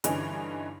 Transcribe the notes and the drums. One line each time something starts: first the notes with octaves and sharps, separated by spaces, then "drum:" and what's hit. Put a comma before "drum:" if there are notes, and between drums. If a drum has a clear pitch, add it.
G2 D3 E3 C#4 D#4, drum: hi-hat